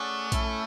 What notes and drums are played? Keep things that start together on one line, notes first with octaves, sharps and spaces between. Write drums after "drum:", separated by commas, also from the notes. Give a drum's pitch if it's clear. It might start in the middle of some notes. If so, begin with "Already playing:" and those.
Already playing: A3 C#4 G#4 D5 F#5
C#4 E4 A4 E5, drum: kick A#1, hi-hat